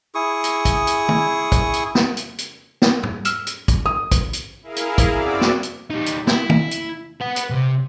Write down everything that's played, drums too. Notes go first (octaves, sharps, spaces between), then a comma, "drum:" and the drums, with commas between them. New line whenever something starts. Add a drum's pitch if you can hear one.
E4 G#4 C#6 D#6
drum: hi-hat
drum: kick, hi-hat
drum: hi-hat
drum: tom
drum: kick, hi-hat
drum: hi-hat
drum: snare
drum: hi-hat
drum: hi-hat
drum: snare
drum: tom
E6 F6 E7, drum: hi-hat
drum: hi-hat
drum: kick, hi-hat
D#6
drum: kick, hi-hat
drum: hi-hat
E4 G#4 A#4 F5
drum: hi-hat
drum: kick, hi-hat
F#2 C4 F#4 D5 D6 E6
drum: snare
drum: hi-hat
G3 D#4
drum: hi-hat
E4, drum: snare
drum: tom
drum: hi-hat
B4 F#5
drum: hi-hat
C3